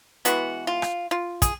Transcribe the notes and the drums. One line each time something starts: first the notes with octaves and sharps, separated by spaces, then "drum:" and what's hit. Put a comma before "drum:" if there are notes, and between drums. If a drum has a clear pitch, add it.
E3 G#3 B3 F#4, drum: hi-hat
F4
drum: rim click
F4
G#4, drum: kick, hi-hat